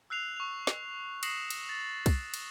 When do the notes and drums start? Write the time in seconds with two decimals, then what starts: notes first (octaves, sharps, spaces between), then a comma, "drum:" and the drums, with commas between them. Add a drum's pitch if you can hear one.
0.10 E6 F#6 C7 F7
0.37 C#6 F7
0.67 drum: snare
1.23 D#6 A#6 C7 C#7 E7 F#7, drum: cymbal
1.50 drum: cymbal
1.69 A6
2.06 drum: kick, cymbal
2.34 drum: cymbal